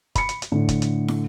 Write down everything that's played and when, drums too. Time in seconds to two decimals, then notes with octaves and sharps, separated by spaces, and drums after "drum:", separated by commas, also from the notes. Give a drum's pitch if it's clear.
0.15 B5 C#7, drum: kick, hi-hat
0.29 drum: hi-hat
0.42 drum: hi-hat
0.52 A2 D3
0.69 drum: kick, hi-hat
0.82 drum: hi-hat
1.08 drum: snare